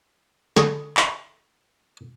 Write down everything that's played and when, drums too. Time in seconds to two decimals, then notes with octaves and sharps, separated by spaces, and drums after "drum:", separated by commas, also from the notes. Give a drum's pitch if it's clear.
0.57 D3 G#4 C#6, drum: snare
0.97 drum: clap